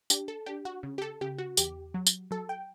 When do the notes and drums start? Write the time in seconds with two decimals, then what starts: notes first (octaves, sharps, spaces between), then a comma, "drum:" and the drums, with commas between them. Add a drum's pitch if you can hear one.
0.10 D4 G4, drum: tambourine
0.28 A4
0.46 D4 G4
0.65 F#4
0.83 C#3
0.98 G4
1.02 A4
1.21 C#3 G4
1.38 F#4
1.57 E2 G4, drum: tambourine
1.94 F#3
2.07 drum: tambourine
2.31 F#3 A4
2.49 G5